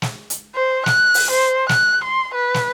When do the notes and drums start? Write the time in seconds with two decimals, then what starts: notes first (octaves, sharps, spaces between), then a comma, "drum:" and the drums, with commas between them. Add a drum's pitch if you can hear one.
0.02 drum: snare
0.30 drum: hi-hat
0.55 C5
0.86 F#6, drum: snare
1.14 drum: open hi-hat
1.31 C5
1.69 F#6, drum: snare
2.04 C6
2.34 B4
2.54 drum: snare